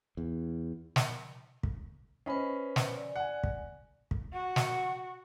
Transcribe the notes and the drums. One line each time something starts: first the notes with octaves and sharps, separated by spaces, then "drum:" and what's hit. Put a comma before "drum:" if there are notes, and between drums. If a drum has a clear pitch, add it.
E2
drum: snare
drum: kick
C#4 B4 C5 D#5 B5
drum: snare
D5
F#5 G#5
drum: kick
drum: kick
F#4 F#5
drum: snare